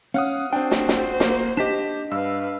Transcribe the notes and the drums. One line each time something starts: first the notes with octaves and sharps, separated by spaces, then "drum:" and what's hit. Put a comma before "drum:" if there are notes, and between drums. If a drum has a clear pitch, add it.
C#4 F5 F#5 D#6
C4 D4 F#4 C5 G5
drum: snare
drum: snare
A#3, drum: snare
D4 G4 D#5 B6 E7
G2 B4 F5 E6